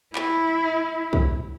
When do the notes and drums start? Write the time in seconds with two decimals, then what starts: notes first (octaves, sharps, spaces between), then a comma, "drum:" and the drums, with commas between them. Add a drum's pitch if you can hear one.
0.15 E4, drum: clap
1.13 drum: kick